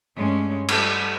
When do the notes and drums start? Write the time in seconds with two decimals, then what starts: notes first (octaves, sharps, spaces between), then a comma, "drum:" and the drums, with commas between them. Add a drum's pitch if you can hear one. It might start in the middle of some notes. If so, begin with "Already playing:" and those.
0.15 G2 G#3 A3 C#4
0.68 G3 A4, drum: cymbal